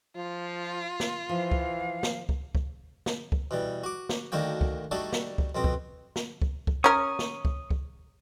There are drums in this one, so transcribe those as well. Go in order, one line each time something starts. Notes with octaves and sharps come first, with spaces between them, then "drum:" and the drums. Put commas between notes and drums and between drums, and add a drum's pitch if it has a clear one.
F3 F4
drum: snare
E3 F3 F5
drum: kick
drum: snare
drum: kick
drum: kick
drum: snare
drum: kick
B2 E3 G3
F#4 D6
drum: snare
D2 D3 D#3 A#3 F#4 G5
drum: kick
G3 A3 D4 D#4 F#4 A4
drum: snare
drum: kick
F2 B2 C4
drum: kick
drum: snare
drum: kick
drum: kick
C#4 A#4 C#6 D#6
drum: snare
drum: kick
drum: kick